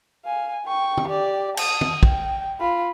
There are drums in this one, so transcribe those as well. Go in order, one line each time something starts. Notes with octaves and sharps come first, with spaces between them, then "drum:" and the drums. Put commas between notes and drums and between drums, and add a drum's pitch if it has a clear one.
F5 G#5
G5 C#6
drum: tom
G4 D5
A5 D#6, drum: cymbal
drum: tom
G5, drum: kick
F4 B5